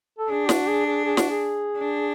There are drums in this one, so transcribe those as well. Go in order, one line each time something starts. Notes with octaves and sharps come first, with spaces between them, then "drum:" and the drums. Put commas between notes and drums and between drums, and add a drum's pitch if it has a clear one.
A4
D4 G#4
F#4, drum: snare
G#4
G#4
G#4
F#4, drum: snare
G#4
D4